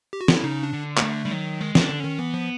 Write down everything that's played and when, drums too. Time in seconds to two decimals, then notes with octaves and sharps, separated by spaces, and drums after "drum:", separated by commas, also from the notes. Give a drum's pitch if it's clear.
0.13 G4
0.21 F#4
0.28 F4, drum: snare
0.36 E4
0.43 C#3 D#4
0.63 D4
0.73 D3
0.97 A#3, drum: clap
1.02 D3 A3
1.25 D3 G3
1.31 D#3 F#3
1.61 D#3 G#3
1.75 D#3 D4, drum: snare
1.89 D3
2.00 D#3 C#4
2.19 E3 B3
2.34 F3